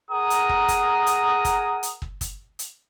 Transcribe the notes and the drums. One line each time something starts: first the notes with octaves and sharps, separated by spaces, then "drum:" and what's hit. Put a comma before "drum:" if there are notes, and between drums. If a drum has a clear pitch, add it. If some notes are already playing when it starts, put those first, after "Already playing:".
G#4 A#4 F#5 A#5 D#6
drum: hi-hat
drum: kick
drum: kick, hi-hat
drum: hi-hat
drum: kick, hi-hat
drum: hi-hat
drum: kick
drum: kick, hi-hat
drum: hi-hat